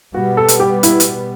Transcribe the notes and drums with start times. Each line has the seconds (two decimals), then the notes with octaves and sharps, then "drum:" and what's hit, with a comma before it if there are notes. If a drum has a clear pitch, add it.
0.14 B2 G3 B3 F#4
0.37 A4
0.48 drum: hi-hat
0.60 G4
0.83 E4, drum: hi-hat
1.00 drum: hi-hat